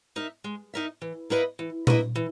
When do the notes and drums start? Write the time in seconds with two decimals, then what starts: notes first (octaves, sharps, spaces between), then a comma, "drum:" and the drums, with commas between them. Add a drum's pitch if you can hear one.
0.16 D#4 A#4 E5
0.44 G#3
0.74 D#4 A#4 E5
1.02 E3
1.30 A#3 E4 B4 D#5
1.59 E3
1.87 A#3 E4 B4 D#5, drum: tom A#2
2.16 E3